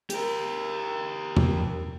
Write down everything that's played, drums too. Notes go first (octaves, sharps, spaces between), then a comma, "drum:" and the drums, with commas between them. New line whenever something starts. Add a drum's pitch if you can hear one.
G4 A#4, drum: hi-hat
drum: tom E2